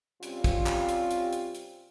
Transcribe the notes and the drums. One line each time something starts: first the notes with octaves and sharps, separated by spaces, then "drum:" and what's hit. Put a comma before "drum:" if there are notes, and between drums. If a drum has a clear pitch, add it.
C3 G3 C4 C#4 F4, drum: hi-hat
drum: kick, hi-hat
drum: clap
drum: hi-hat
drum: hi-hat
drum: hi-hat
drum: hi-hat